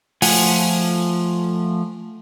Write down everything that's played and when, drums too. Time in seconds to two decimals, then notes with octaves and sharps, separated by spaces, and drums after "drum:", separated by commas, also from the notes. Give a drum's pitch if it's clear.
0.22 F3 A3 F4 F#5 G#5, drum: open hi-hat